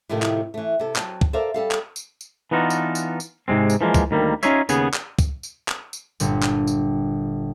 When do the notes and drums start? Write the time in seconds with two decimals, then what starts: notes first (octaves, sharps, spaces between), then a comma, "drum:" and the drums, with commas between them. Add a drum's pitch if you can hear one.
0.09 A2 C3 D#3 F3 A3
0.22 drum: clap
0.54 E3 A3
0.79 C3 A4
0.96 F#3 C4 A5, drum: clap
1.21 drum: kick
1.33 A4 A#4 C5 D5 E5 F5
1.54 G3 A4 F5
1.71 drum: clap
1.96 drum: tambourine
2.21 drum: tambourine
2.51 E3 B3 D4 D#4 F4 F#4
2.70 drum: tambourine
2.95 drum: tambourine
3.20 drum: tambourine
3.48 G#2 C3 G#3 C4
3.70 drum: tambourine
3.81 E3 F3 G#3 A#3
3.94 drum: kick, tambourine
4.11 D2 D#3 G3 A#3
4.43 C#4 D#4 F4 G#4 C#5 E5, drum: tambourine
4.69 D#2 C#3 B3 G#4, drum: tambourine
4.94 drum: clap
5.19 drum: kick, tambourine
5.43 drum: tambourine
5.68 drum: clap
5.93 drum: tambourine
6.20 G1 A#2 G3, drum: tambourine
6.43 drum: clap
6.67 drum: tambourine